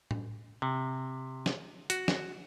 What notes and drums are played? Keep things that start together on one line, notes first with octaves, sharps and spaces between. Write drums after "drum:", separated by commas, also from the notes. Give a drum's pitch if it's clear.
drum: tom A2
C3
drum: snare
F#4, drum: hi-hat
drum: snare